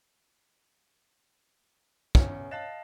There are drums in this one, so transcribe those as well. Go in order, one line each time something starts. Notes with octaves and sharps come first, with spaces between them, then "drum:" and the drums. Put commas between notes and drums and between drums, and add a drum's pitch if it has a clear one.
E2 C#3 C#4, drum: kick
D#5 F5 A5 F#6 A6 E7